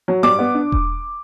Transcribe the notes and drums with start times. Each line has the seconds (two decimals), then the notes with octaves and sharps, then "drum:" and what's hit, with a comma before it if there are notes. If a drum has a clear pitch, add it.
0.08 F#3
0.23 G2 D6
0.39 B3
0.54 D4
0.72 drum: kick E1